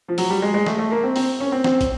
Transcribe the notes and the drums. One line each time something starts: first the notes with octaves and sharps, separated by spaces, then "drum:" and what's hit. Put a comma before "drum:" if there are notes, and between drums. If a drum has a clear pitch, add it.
F3
F#3, drum: open hi-hat
G3
G#3
G#3
A3, drum: snare
A3
A#3
C4
C4, drum: open hi-hat
C#4
C4
C4, drum: snare
drum: kick, hi-hat